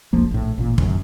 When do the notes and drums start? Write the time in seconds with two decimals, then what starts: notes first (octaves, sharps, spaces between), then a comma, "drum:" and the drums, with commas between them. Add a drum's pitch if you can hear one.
0.13 E1 A#1 F3 A#3
0.31 A#1 A2
0.58 A1 A#2
0.78 A1 F#2, drum: kick